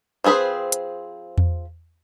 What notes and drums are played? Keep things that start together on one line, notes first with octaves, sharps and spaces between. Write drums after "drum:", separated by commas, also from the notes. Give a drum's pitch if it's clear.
F3 C4 G#4 B4 C5
drum: hi-hat
drum: tom E2